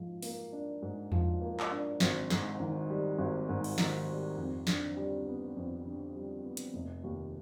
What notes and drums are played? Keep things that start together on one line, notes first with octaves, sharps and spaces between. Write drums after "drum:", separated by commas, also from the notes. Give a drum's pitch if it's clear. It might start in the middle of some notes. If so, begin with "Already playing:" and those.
Already playing: G#2 F3
A#3, drum: open hi-hat
D4
G#2
F3, drum: tom E2
A#3
drum: clap
D4
G#1, drum: snare
G#2, drum: snare
D#3
G3
G#1
G#2
drum: cymbal
D#3, drum: snare
G3
F2
D3, drum: snare
G3
B3
F2
D3
G3
B3
drum: hi-hat
F1
D#2